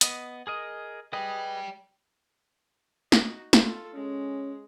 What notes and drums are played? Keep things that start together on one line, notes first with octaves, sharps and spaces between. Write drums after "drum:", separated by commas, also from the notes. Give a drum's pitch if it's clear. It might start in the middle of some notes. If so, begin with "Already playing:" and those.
B3 D#5, drum: hi-hat
G#4 A#4 D#5
G#4 B4 D5 D#5 G5
D#4 F#4, drum: snare
F4 A4, drum: snare
G#3 C#4